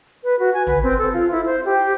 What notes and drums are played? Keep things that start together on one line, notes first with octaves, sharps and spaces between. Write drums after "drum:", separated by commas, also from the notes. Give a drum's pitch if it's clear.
B4
F#4
G#5
B4, drum: tom
C4
A4
F4
E4
C5
G4